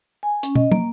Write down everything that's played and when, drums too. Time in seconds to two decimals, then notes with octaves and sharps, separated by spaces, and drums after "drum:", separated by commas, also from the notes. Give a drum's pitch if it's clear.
0.23 G#5
0.43 C#4, drum: hi-hat
0.55 D#5, drum: tom
0.72 A#3, drum: tom